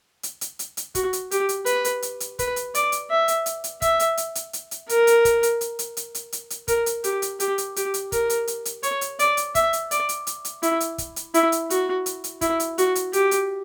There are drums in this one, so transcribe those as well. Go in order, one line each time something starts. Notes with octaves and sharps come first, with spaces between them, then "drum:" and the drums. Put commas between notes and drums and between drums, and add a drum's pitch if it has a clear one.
drum: hi-hat
drum: hi-hat
drum: hi-hat
drum: hi-hat
F#4, drum: kick, hi-hat
drum: hi-hat
G4, drum: hi-hat
drum: hi-hat
B4, drum: hi-hat
drum: hi-hat
drum: hi-hat
drum: hi-hat
B4, drum: kick, hi-hat
drum: hi-hat
D5, drum: hi-hat
drum: hi-hat
E5
drum: hi-hat
drum: hi-hat
drum: hi-hat
E5, drum: kick, hi-hat
drum: hi-hat
drum: hi-hat
drum: hi-hat
drum: hi-hat
drum: hi-hat
A#4, drum: hi-hat
drum: hi-hat
drum: kick, hi-hat
drum: hi-hat
drum: hi-hat
drum: hi-hat
drum: hi-hat
drum: hi-hat
drum: hi-hat
drum: hi-hat
A#4, drum: kick, hi-hat
drum: hi-hat
G4, drum: hi-hat
drum: hi-hat
G4, drum: hi-hat
drum: hi-hat
G4, drum: hi-hat
drum: hi-hat
A#4, drum: kick, hi-hat
drum: hi-hat
drum: hi-hat
drum: hi-hat
C#5, drum: hi-hat
drum: hi-hat
D5, drum: hi-hat
drum: hi-hat
E5, drum: kick, hi-hat
drum: hi-hat
D5, drum: hi-hat
drum: hi-hat
drum: hi-hat
drum: hi-hat
E4, drum: hi-hat
drum: hi-hat
drum: kick, hi-hat
drum: hi-hat
E4, drum: hi-hat
drum: hi-hat
F#4, drum: hi-hat
drum: hi-hat
drum: hi-hat
E4, drum: kick, hi-hat
drum: hi-hat
F#4, drum: hi-hat
drum: hi-hat
G4, drum: hi-hat
drum: hi-hat